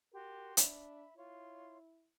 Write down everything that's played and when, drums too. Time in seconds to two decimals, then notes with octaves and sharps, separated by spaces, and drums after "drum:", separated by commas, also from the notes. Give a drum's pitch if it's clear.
0.13 F#4 G4 A#4 C6
0.57 D4 E5 B5, drum: hi-hat
1.16 E4 F4 C#5 C6